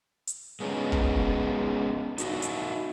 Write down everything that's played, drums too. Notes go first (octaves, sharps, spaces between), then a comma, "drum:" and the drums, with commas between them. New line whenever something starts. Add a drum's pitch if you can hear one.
drum: hi-hat
G#3 B3 C#4 D#4
drum: kick
D#4 F#4 B4 D#5 E5, drum: hi-hat
drum: hi-hat